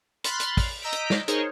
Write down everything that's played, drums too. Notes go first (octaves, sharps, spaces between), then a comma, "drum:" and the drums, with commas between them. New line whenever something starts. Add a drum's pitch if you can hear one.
B5 C6 F6 F#6 A6 B6, drum: hi-hat
drum: hi-hat
drum: kick, open hi-hat
D#5 A#5 E6 G6 B6 D7
drum: hi-hat
drum: snare
D#4 G#4 A#4 C5 C#5, drum: hi-hat